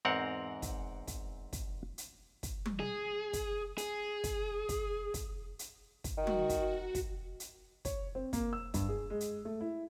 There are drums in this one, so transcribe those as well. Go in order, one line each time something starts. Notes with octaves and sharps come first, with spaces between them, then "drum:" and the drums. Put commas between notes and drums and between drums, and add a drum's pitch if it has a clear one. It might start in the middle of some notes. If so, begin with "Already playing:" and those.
E2 G#2 C4 A#4 F#5
drum: kick, hi-hat
drum: kick, hi-hat
drum: kick, hi-hat
drum: hi-hat
drum: kick, hi-hat
drum: tom
G#4
drum: kick, hi-hat
G#4, drum: hi-hat
drum: kick, hi-hat
drum: kick, hi-hat
drum: kick, hi-hat
drum: hi-hat
drum: kick, hi-hat
D#3 F#4
drum: tom
drum: kick, hi-hat
drum: kick, hi-hat
drum: hi-hat
C#5, drum: kick, hi-hat
C4
A#3, drum: kick, hi-hat
E6
G2, drum: kick, hi-hat
G#4
G#3
drum: hi-hat
A3
E4